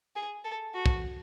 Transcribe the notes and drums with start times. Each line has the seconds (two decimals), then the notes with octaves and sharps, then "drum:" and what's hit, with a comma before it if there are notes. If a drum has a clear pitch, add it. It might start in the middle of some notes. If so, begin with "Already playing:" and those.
0.16 G#4
0.44 A4
0.74 F#4
0.86 drum: kick